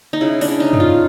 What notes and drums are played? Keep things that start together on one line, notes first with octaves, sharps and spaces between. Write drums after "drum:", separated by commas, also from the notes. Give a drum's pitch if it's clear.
D#4
C#3 E4
D4, drum: open hi-hat
C#3
D#4
A3, drum: tom
F4